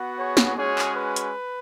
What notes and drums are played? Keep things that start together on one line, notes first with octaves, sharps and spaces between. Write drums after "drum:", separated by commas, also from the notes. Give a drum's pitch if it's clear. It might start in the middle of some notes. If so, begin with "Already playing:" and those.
Already playing: B3 F#4
G#4 C#5
drum: snare
G#3 C#4 F#4 G#4 C#5
drum: clap
B4
drum: hi-hat